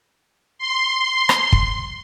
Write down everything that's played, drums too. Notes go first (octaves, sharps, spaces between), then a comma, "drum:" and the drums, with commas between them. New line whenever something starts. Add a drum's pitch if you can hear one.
C6
drum: rim click
drum: kick